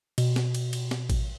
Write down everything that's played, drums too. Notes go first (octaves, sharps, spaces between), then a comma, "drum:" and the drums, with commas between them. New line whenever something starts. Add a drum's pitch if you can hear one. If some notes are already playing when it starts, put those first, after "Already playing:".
B2, drum: cymbal
drum: snare
drum: cymbal
drum: cymbal
drum: snare
drum: kick A1, cymbal